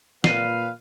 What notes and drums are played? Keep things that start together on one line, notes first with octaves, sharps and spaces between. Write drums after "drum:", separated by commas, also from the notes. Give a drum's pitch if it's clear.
A#2 B4 F5 C7 D#7, drum: snare